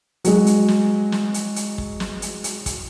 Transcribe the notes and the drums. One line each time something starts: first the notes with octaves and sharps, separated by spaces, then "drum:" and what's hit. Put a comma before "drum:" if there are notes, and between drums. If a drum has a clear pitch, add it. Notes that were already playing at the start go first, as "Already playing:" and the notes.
F#3 G#3, drum: hi-hat
drum: hi-hat
drum: snare
drum: snare
drum: hi-hat
drum: hi-hat
drum: kick
drum: snare
drum: hi-hat
drum: hi-hat
drum: kick, hi-hat